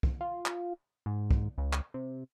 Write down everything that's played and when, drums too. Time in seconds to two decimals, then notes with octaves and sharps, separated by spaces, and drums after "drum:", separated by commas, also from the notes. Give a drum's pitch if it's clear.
0.03 drum: kick
0.21 F4
0.46 drum: clap
1.06 G#2
1.31 drum: kick
1.58 C#2
1.73 drum: clap
1.94 C3